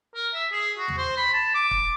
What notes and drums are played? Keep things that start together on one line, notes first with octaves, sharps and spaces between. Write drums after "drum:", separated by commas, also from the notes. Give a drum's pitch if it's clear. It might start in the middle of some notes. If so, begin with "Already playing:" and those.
A#4
E5
G#4
F#4
drum: tom
C5
B5
A5
D6
drum: kick